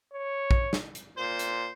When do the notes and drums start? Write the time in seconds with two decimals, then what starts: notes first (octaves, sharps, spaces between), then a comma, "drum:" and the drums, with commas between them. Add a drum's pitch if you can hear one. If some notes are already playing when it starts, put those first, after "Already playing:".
0.13 C#5
0.51 drum: kick
0.73 drum: snare
0.95 drum: hi-hat
1.17 A#2 C5
1.39 drum: hi-hat